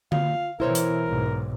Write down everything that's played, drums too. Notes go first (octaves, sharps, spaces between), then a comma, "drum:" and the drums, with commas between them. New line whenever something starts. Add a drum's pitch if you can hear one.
F4 F5, drum: tom D3
B2 E3 E4 A#4 C5 C#5
drum: hi-hat
B1 G#2